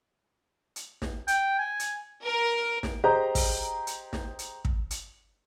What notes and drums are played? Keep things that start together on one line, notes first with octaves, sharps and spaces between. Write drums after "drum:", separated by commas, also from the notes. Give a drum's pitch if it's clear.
drum: hi-hat
drum: snare
G5, drum: hi-hat
G#5
drum: hi-hat
A#4
drum: snare
G4 G#4 C5 D#5 A#5 C6
drum: kick, open hi-hat
drum: hi-hat
drum: snare
drum: hi-hat
drum: kick
drum: hi-hat